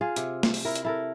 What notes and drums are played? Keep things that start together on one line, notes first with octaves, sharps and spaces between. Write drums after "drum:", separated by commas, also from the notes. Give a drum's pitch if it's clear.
F4 G#4
C3, drum: hi-hat
C5, drum: snare A3
drum: open hi-hat
E4 A#4
drum: hi-hat
E4 A4 A#4